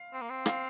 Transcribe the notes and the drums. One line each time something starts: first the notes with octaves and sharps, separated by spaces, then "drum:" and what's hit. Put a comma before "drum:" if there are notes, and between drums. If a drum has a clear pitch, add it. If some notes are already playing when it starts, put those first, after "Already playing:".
Already playing: F5
C4
A#3
C4
F5, drum: rim click